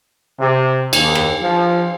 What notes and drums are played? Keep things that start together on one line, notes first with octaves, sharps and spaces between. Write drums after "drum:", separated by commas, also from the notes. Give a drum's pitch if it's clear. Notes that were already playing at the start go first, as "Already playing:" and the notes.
C3
D#2, drum: cymbal
drum: rim click
F3